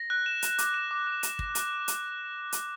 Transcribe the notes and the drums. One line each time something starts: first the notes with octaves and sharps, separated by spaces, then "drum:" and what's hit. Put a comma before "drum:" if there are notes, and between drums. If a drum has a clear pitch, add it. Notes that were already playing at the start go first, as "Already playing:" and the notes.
Already playing: A#6
F#6
E7
E7, drum: hi-hat
D6, drum: hi-hat
E7
D6
F#6
E7, drum: hi-hat
A#6, drum: kick
F#6, drum: hi-hat
drum: hi-hat
drum: hi-hat